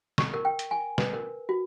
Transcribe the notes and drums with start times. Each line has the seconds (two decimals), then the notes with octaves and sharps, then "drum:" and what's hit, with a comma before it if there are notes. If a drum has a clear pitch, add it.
0.18 C#6, drum: snare
0.34 A#4
0.45 G5
0.59 drum: hi-hat
0.71 G#5
0.98 B4, drum: snare
1.13 A#4
1.49 F#4